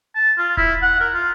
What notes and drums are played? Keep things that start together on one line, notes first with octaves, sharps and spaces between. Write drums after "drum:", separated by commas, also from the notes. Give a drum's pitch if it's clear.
A5
F4
E4, drum: kick D#1
F#5
A#4
F4